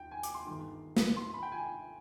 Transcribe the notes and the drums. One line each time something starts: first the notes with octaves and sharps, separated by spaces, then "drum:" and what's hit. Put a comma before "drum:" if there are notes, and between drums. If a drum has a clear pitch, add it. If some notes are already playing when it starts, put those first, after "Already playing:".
Already playing: D#2 G5
G#5
D6, drum: hi-hat
C6
G1 G2 D#3
drum: snare
C6
B5
G5
G#5